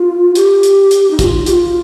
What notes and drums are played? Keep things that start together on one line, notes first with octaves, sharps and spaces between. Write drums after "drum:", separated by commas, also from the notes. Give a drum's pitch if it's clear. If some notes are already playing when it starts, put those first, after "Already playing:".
Already playing: F4
G4, drum: hi-hat
drum: hi-hat
drum: hi-hat
D#4
G4, drum: kick, hi-hat
F4
G4, drum: hi-hat
F4